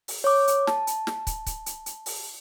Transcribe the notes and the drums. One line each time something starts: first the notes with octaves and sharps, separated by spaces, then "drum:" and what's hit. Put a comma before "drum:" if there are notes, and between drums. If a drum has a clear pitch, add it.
drum: open hi-hat
C#5 D6
drum: hi-hat
A5, drum: snare
drum: hi-hat
drum: snare
drum: kick, hi-hat
drum: kick, hi-hat
drum: hi-hat
drum: hi-hat
drum: open hi-hat